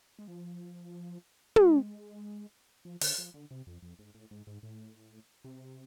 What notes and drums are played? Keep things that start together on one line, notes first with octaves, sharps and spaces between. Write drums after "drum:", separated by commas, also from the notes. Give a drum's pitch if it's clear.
G#3
F3
G#3, drum: tom
F3
D3, drum: open hi-hat
F3
D3
C3
F2
F2
G#2
A2
G#2
G#2
A2
C3